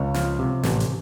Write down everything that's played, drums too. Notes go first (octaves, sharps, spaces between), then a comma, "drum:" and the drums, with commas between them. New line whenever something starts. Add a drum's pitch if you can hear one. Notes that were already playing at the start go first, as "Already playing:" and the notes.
Already playing: C#2 C#5
F3, drum: snare
C3
A1, drum: snare
drum: hi-hat